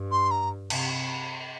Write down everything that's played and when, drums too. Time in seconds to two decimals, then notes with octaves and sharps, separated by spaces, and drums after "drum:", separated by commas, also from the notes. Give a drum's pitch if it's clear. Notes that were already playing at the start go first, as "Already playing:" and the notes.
Already playing: G2
0.12 C6
0.31 A#5
0.70 C3, drum: cymbal